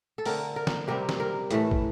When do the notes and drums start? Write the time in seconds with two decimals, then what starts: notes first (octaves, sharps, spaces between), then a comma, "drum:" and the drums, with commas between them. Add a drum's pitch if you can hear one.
0.18 A4
0.25 D3 A3 C4 A#4, drum: open hi-hat
0.56 A#4
0.67 drum: snare
0.88 C3 G3 C4 A#4
1.09 drum: snare
1.20 A#4
1.51 A2 E3 A3, drum: hi-hat
1.71 drum: kick